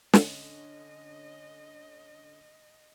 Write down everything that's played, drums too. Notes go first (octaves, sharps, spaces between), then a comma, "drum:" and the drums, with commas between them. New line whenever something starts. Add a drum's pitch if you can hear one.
D3 C#4 D#5, drum: snare